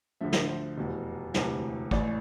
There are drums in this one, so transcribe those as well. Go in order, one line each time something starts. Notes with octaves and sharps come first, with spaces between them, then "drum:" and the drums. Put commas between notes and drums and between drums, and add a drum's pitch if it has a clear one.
D2 D3 F3 E5
drum: snare
C5
F1 E2 B2
E1 D2 C3 E3, drum: snare
A1 A2 E3 D5, drum: kick